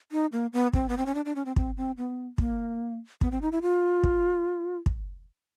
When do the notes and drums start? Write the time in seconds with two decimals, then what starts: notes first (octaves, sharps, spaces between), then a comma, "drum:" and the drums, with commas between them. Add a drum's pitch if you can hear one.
0.12 D#4
0.32 A#3
0.53 B3
0.73 C4, drum: kick
0.89 B3
0.97 C4
1.06 C#4
1.15 D4
1.25 D4
1.35 C#4
1.45 C4
1.56 C4, drum: kick
1.77 C4
1.97 B3
2.38 A#3, drum: kick
3.21 B3, drum: kick
3.31 C4
3.42 D#4
3.52 E4
3.62 F4
4.03 drum: kick
4.86 drum: kick